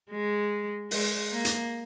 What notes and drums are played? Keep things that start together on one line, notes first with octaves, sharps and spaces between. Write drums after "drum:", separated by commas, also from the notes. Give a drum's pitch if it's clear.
G#3
G#3, drum: open hi-hat
A#3
drum: hi-hat